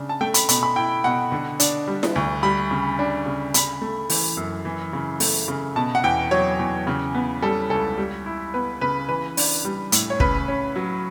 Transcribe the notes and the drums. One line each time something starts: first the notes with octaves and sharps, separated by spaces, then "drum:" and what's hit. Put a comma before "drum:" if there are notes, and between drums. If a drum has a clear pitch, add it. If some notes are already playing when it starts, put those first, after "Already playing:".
Already playing: C#3 D4
A5
A3 G5
B5, drum: hi-hat
B2 B5, drum: hi-hat
B5
E4 G5
B2 F#5
D3
D4, drum: hi-hat
G3
drum: snare E4
D2
G3 B5
C#3
D4
C#3
C#3 B5, drum: hi-hat
A3
E3, drum: open hi-hat
F#2
E3
C#3
A3, drum: open hi-hat
C#3
B2 A5
F#5
E2 G5
F#3 C#5
E2
C#3
B3
G3 A4
C#2 A4
G3
E4
B3 B4
C#3 B4
E3 B4
D4, drum: open hi-hat
G3
A2, drum: hi-hat
C#5
C#3 B4, drum: kick
C#4
F#3